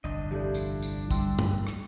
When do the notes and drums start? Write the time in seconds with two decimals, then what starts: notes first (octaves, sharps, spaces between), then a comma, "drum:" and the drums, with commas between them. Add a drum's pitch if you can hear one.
0.04 G1 C2 F2 D4 D#5
0.31 F3 E4 G4 A4 D5 G6
0.54 drum: tambourine
0.82 drum: tambourine
1.11 G3 G5 C6 E6, drum: kick, tambourine
1.39 drum: tom
1.67 drum: rim click